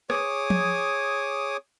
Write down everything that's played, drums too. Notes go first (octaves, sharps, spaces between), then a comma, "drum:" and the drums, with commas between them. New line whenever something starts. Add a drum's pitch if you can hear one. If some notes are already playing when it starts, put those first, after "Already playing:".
G#4 C#5 D6 D#6, drum: rim click
drum: tom F3